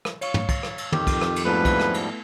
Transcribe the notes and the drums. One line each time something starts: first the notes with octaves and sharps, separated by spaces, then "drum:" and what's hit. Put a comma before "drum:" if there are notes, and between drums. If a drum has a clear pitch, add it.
drum: rim click
C#5 F5 C#6, drum: cymbal
drum: tom
drum: kick, cymbal
drum: rim click
drum: cymbal
F2 D#3 G4, drum: tom
drum: kick, cymbal
drum: rim click
drum: cymbal
G#2 F3 G3 A3 B3 E4 B4
drum: kick, cymbal
drum: rim click
drum: cymbal